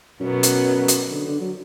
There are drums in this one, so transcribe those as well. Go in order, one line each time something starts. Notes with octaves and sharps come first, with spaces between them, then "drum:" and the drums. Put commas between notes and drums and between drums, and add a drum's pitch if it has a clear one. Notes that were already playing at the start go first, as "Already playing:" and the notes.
F#2 B2 F#3 B3
drum: hi-hat
drum: hi-hat
D3
D3
F#3